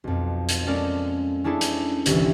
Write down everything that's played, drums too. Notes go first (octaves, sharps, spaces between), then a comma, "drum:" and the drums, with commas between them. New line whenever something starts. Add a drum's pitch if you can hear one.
B1 F2
drum: hi-hat
G#3 C#4 A4 A#4 D5
C#4 D4 E4 G#4 A4
drum: hi-hat
G1 C2 E3, drum: hi-hat